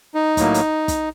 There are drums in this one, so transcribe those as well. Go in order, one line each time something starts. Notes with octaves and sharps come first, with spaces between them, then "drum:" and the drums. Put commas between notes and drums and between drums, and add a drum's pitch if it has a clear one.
D#4
A2 F#3 A#3, drum: kick, hi-hat
drum: hi-hat
drum: kick, hi-hat